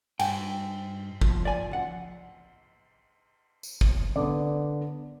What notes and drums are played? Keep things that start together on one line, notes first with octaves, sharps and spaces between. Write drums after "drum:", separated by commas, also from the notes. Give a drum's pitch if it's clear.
G2 G5 G#5, drum: cymbal
F3, drum: kick
D5 G#5
C#2 F#5
drum: tambourine
drum: kick
D3 B3 D5